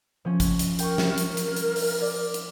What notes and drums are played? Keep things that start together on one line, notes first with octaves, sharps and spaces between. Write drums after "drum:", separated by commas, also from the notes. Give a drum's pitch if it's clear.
F3 C#4
drum: kick, hi-hat
drum: hi-hat
A#4 G5 C#6, drum: hi-hat
drum: snare
drum: hi-hat
drum: hi-hat
drum: hi-hat
drum: open hi-hat
D5
drum: hi-hat